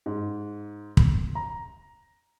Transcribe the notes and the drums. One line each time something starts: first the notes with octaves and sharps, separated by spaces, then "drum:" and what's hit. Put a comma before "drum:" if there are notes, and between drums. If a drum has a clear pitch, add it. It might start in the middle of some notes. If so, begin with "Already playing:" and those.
G#2
drum: kick
A#5